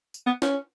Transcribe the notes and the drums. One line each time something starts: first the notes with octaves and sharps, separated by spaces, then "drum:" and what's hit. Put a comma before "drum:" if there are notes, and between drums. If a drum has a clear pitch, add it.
drum: tambourine
B3
C#4, drum: snare